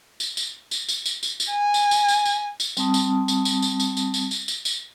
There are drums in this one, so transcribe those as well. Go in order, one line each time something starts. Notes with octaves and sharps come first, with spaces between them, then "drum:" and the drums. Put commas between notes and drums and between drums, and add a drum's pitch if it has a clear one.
drum: tambourine
drum: tambourine
drum: tambourine
drum: tambourine
drum: tambourine
drum: tambourine
drum: tambourine
G#5
drum: tambourine
drum: tambourine
drum: tambourine
drum: tambourine
drum: tambourine
G3 C4 A5 D#6, drum: tambourine
drum: tambourine
drum: tambourine
drum: tambourine
drum: tambourine
drum: tambourine
drum: tambourine
drum: tambourine
drum: tambourine
drum: tambourine
drum: tambourine